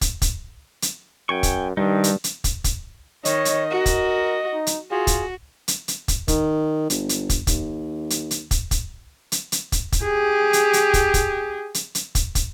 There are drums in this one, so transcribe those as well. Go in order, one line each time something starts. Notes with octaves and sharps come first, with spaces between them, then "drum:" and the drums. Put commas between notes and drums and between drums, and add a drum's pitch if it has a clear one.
drum: kick, hi-hat
drum: kick, hi-hat
drum: hi-hat
F#2 G5 G#5 C#6
drum: kick, hi-hat
G2 D#3 G3 D#4
drum: hi-hat
drum: hi-hat
drum: kick, hi-hat
drum: kick, hi-hat
D#3 C#5 D#5, drum: hi-hat
drum: hi-hat
F#4 A#4
drum: kick, hi-hat
D#4
drum: hi-hat
F4 F#4 G#4
drum: kick, hi-hat
drum: hi-hat
drum: hi-hat
drum: kick, hi-hat
D#3, drum: kick, hi-hat
G1, drum: hi-hat
drum: hi-hat
drum: kick, hi-hat
D#2, drum: kick, hi-hat
drum: hi-hat
drum: hi-hat
drum: kick, hi-hat
drum: kick, hi-hat
drum: hi-hat
drum: hi-hat
drum: kick, hi-hat
drum: kick, hi-hat
G4 G#4
drum: hi-hat
drum: hi-hat
drum: kick, hi-hat
drum: kick, hi-hat
drum: hi-hat
drum: hi-hat
drum: kick, hi-hat
drum: kick, hi-hat